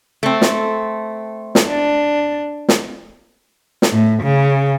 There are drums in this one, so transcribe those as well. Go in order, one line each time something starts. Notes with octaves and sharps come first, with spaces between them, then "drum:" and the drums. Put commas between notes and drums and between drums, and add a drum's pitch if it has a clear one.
A3 C4
drum: snare
drum: snare
D4
drum: snare
drum: snare
A2
C#3